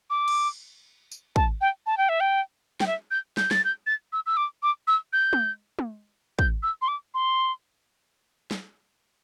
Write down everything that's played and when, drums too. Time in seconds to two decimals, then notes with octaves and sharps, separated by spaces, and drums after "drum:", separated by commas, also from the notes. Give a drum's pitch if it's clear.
0.10 D6
0.28 drum: cymbal
1.12 drum: tambourine
1.36 A5, drum: kick
1.61 G5
1.86 A5
1.98 G5
2.09 E5
2.20 G5
2.80 G5, drum: snare
2.87 E5
3.11 G6
3.37 G6, drum: snare
3.51 A6, drum: snare
3.65 G6
3.87 A6
4.13 E6
4.26 E6
4.37 D6
4.63 D6
4.87 E6
5.13 G6
5.33 drum: tom
5.79 drum: tom
6.39 G6, drum: kick
6.63 E6
6.82 C6
6.88 D6
7.14 C6
8.51 drum: snare